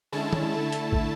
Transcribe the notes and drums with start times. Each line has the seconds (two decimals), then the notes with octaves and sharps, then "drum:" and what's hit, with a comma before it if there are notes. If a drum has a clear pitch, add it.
0.12 D3 G#3 C#4 E4 A5
0.33 drum: tom D#3
0.53 D3 A3 E4
0.72 drum: hi-hat
0.92 drum: kick